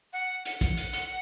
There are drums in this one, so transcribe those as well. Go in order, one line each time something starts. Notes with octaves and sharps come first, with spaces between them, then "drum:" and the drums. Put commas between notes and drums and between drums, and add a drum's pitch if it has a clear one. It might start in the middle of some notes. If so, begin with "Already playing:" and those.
F#5
F#5, drum: hi-hat
drum: kick, hi-hat
drum: hi-hat
drum: hi-hat